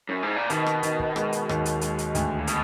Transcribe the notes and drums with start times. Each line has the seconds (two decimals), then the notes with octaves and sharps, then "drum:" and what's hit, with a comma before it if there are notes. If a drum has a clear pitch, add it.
0.09 F#2
0.23 G#2
0.36 A#2
0.50 B2 D#3, drum: hi-hat
0.66 drum: rim click
0.83 D#3, drum: hi-hat
0.99 drum: kick
1.16 G#3, drum: rim click
1.32 drum: hi-hat
1.49 D#2, drum: rim click
1.65 drum: hi-hat
1.81 G#3, drum: hi-hat
1.98 drum: hi-hat
2.15 D2, drum: hi-hat
2.39 A#2
2.47 B2, drum: hi-hat